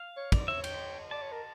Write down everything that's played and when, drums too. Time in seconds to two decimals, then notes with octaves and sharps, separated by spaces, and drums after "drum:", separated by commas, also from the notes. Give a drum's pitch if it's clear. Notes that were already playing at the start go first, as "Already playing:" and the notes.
Already playing: F5
0.17 C#5
0.32 D5, drum: kick, cymbal
0.48 C#5 E5
0.64 G5, drum: cymbal
1.11 D5 A5
1.22 C#5
1.32 A#4